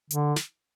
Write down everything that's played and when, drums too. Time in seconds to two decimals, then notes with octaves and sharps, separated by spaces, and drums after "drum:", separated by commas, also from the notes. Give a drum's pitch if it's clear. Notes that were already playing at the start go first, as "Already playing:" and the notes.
0.11 D3, drum: hi-hat
0.36 drum: snare